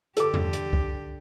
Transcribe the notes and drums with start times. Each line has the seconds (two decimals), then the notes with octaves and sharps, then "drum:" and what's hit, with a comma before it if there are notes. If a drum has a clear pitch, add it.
0.17 D3 G4 A4 D6, drum: hi-hat
0.34 drum: tom E2
0.53 drum: hi-hat
0.73 drum: kick C2